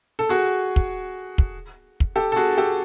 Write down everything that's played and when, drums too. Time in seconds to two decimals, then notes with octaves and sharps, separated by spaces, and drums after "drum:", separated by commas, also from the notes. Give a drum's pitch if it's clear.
0.19 A4
0.29 F#4 G#4
0.76 drum: kick
1.38 drum: kick
2.00 drum: kick
2.16 G4 A4
2.32 A4
2.36 F#4 G#4
2.58 G4 A4